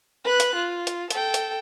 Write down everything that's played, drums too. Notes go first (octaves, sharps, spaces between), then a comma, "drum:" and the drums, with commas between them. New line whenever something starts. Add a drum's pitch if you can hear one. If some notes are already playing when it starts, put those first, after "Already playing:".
B4 F#6
drum: hi-hat
F4
drum: hi-hat
A4 G5, drum: hi-hat
drum: hi-hat